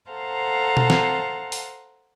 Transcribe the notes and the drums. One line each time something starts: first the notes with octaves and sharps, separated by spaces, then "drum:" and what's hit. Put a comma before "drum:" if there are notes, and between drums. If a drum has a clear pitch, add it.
A4 C5 F5 F#5 A5 A#5
drum: tom B2
drum: snare
drum: open hi-hat